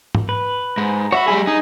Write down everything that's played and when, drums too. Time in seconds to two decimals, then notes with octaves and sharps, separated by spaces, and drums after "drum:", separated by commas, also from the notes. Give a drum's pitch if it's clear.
0.15 drum: tom G#2
0.29 B4
0.78 G#2
1.12 F#4 C#5 E5 B5
1.28 G3 G#4
1.47 D#4 G#4